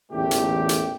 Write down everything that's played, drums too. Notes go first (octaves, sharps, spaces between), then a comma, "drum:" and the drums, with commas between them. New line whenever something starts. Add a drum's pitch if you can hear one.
A1 E2 A#2 D3 A3 G4
drum: hi-hat
drum: hi-hat